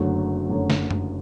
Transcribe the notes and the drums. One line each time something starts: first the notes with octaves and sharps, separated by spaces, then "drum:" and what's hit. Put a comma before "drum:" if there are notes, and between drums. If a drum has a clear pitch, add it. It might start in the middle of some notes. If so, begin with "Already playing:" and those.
Already playing: F#1 F#2 D3 F#3 A3
F#1 F#2 D3 F#3 A3
drum: snare
drum: tom